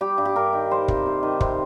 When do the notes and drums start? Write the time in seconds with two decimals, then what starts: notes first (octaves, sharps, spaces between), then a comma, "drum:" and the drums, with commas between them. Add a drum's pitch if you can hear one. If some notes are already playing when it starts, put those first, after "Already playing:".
0.01 G3 G4
0.18 G2
0.25 G4
0.36 G2 A#4
0.53 D#3
0.71 G3 C5
0.88 C3, drum: kick
1.06 C3
1.23 D#3
1.41 C3 C5, drum: kick